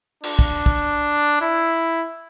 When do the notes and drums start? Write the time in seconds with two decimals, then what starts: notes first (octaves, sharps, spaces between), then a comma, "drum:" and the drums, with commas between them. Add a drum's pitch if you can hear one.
0.24 D4, drum: cymbal
0.39 drum: kick
0.66 drum: kick
1.41 E4